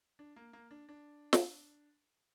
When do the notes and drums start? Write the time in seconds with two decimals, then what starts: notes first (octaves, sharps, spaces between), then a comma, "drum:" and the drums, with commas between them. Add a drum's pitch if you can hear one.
0.19 D4
0.36 A#3
0.53 A#3
0.71 D4
0.89 D4
1.33 drum: snare